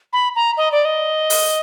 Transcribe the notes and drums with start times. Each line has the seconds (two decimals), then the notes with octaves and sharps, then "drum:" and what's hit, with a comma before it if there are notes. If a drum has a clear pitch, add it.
0.13 B5
0.36 A#5
0.57 D#5
0.72 D5
0.85 D#5
1.30 drum: open hi-hat